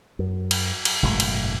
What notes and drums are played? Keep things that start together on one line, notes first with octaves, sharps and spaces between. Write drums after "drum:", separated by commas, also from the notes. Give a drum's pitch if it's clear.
F#2
drum: cymbal
drum: cymbal
F#1 G#2 B2 A3
drum: cymbal